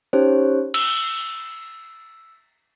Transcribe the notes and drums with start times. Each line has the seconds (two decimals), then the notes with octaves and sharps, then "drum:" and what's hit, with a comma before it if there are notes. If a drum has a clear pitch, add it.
0.13 C#4 D#4 G4 C5 C#5
0.74 E6, drum: cymbal